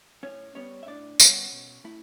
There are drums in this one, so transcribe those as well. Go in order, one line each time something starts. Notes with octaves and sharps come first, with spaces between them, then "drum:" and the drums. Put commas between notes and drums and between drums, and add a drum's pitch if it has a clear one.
A2 C#4 C#5
G3 B3 C#4 C#5
E5
A2 D4 D5
G3 B3 C#4 C#5, drum: tambourine
B2
A3 E4